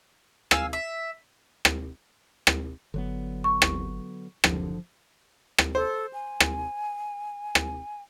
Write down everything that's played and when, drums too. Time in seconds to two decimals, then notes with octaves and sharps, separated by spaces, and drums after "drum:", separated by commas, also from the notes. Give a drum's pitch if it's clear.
0.51 F5 G#5 E6, drum: rim click
0.73 E5
1.65 drum: rim click
2.47 drum: rim click
2.94 G1 D3 F#3 B3
3.44 C#6
3.62 drum: rim click
4.44 F#1 D3 F3, drum: rim click
5.58 drum: rim click
5.75 A4 C5
6.13 G#5
6.40 drum: rim click
7.55 drum: rim click